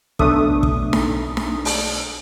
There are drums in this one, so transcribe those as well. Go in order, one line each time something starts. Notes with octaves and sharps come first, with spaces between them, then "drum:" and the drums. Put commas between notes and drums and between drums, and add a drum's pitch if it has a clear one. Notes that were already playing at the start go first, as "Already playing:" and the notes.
B1 A3 D4 D#6, drum: kick
drum: kick
drum: snare D#4
drum: snare D#4
drum: open hi-hat